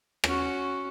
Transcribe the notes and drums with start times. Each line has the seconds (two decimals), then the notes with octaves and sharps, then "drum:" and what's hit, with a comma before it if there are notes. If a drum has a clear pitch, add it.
0.24 C#4 F#4, drum: rim click